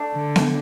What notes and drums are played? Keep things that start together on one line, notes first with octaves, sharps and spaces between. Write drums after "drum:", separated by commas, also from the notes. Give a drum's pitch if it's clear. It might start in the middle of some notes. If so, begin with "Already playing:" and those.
Already playing: A3 D4
D3
drum: snare B3